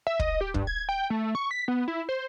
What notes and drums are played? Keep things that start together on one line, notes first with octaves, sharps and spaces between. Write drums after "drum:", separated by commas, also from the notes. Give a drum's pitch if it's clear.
E5
D#5, drum: kick
G4
G2, drum: kick
G#6
G5
A3
C#6
B6
B3
E4
C5